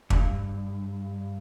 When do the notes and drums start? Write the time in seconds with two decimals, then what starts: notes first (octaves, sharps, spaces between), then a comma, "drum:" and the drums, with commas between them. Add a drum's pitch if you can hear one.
0.10 C#2 G2, drum: kick